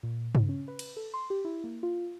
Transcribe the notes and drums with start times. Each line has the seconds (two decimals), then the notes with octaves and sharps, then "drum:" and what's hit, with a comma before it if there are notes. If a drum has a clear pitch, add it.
0.03 A#2
0.35 C#3, drum: tom G2
0.49 C#4
0.68 B4
0.79 drum: cymbal
0.97 A4
1.14 C6
1.30 G4
1.45 E4
1.64 A#3
1.83 F4